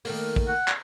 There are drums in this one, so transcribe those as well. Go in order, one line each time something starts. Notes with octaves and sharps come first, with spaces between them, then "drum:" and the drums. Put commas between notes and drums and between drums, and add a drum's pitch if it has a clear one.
D#3 A3 A#3, drum: open hi-hat
drum: kick
F#5
drum: clap